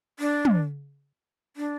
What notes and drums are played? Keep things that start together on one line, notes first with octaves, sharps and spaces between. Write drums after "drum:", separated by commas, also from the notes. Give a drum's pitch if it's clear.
D4
drum: tom
D4